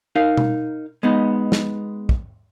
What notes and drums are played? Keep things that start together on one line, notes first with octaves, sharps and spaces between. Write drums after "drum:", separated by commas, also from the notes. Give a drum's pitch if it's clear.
D#4 A#4 F5
drum: tom B2
G#3 B3 D#4
drum: snare
drum: kick